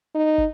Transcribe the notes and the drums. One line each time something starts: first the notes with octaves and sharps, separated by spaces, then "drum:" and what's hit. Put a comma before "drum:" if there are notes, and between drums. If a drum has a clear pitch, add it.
D#4
drum: kick